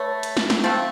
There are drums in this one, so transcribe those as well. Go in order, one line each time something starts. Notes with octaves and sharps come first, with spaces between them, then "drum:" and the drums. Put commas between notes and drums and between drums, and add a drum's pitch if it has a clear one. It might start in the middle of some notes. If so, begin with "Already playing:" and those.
Already playing: A3 B4 C#5
drum: hi-hat
drum: snare
drum: snare
F3 A3 C4